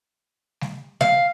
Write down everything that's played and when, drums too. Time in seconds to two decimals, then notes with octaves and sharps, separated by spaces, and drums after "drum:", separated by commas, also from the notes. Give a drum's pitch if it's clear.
0.61 drum: snare G3
1.01 F5, drum: snare G3